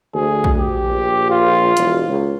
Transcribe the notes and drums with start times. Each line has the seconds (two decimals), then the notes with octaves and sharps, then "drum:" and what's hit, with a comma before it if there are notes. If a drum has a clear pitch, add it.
0.15 D2 G#4
0.44 drum: kick A#1
0.57 G4
0.86 A#1
1.30 F4
1.77 E1, drum: hi-hat
2.08 C#2